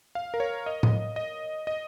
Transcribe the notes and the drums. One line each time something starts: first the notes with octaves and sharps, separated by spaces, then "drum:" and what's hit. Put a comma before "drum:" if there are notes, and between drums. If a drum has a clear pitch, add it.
F5
A#4
C#5
D#5
drum: tom A2
D#5
D#5